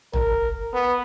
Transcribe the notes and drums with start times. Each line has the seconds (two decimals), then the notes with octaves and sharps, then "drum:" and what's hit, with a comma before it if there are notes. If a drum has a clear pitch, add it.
0.13 A#4, drum: tom
0.73 B3